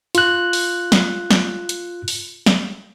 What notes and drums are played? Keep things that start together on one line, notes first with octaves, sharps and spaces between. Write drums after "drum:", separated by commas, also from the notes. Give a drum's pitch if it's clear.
F4 F#6, drum: hi-hat
drum: open hi-hat
drum: snare
drum: snare
drum: hi-hat
drum: open hi-hat
drum: snare